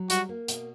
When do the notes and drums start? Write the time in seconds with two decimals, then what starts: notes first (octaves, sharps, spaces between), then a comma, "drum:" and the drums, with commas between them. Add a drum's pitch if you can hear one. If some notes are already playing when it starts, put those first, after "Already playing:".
Already playing: F#3
0.10 G3 F#4, drum: hi-hat
0.29 A#3
0.48 B2, drum: hi-hat